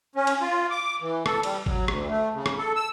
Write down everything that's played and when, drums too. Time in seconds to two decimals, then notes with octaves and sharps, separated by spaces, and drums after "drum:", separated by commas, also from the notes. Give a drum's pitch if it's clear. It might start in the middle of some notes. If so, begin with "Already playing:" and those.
0.16 C#4
0.27 drum: cymbal
0.41 F4
0.71 D6
1.01 E3
1.26 A4, drum: rim click
1.43 G3, drum: cymbal
1.66 F#3, drum: kick
1.88 D2, drum: rim click
2.08 A3
2.34 C#3
2.46 drum: rim click
2.58 A4
2.76 E6